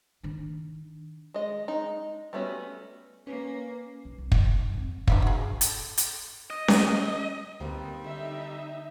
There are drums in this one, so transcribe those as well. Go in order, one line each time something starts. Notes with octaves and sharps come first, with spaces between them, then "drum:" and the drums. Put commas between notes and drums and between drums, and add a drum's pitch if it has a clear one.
D#3 D4
G#3 D#5
G#3 D#4
G3 A3 B3 C#4 F#4
A#3 C#4 B4
B1
C2
F3, drum: kick
D#2
F2
D4 E5 F5, drum: kick
F#4 G#4
A4, drum: hi-hat
drum: hi-hat
D#5
drum: snare C#4
D2 D#3 G3 A#3 C4 B4
D3 D#4 E5